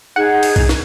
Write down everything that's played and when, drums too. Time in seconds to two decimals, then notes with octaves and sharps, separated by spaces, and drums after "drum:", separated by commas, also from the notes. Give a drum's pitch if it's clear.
0.16 D#4 G#4 F#5 G6
0.43 drum: cymbal
0.56 drum: kick B1, cymbal
0.69 drum: snare